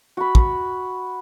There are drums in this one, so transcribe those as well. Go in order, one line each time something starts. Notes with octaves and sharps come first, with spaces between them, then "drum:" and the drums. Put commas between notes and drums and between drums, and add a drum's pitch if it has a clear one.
F#4 B5
drum: kick